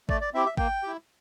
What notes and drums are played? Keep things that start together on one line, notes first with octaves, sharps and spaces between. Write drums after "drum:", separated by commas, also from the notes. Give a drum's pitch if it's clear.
A3 D5, drum: kick
D5
C4 E4 G4 E5
E5
A#3 G5, drum: kick
E4 G4